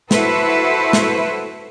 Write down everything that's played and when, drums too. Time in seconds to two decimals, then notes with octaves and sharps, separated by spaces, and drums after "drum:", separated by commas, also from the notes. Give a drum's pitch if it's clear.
0.11 E4 F#4 A4 B4 C5 E5, drum: snare
0.93 drum: snare